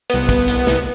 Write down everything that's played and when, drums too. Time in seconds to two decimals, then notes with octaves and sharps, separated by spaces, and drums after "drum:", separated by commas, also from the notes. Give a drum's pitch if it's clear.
0.10 C2 B3, drum: hi-hat
0.29 drum: kick, hi-hat
0.48 drum: hi-hat
0.67 drum: snare